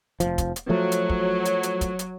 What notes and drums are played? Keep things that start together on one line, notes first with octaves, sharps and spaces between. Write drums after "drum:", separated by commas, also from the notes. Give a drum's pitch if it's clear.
F1 C#2 F3, drum: hi-hat
drum: kick, hi-hat
drum: hi-hat
F3 F#3 A3
drum: hi-hat
drum: kick
drum: hi-hat
drum: hi-hat
drum: kick, hi-hat
drum: hi-hat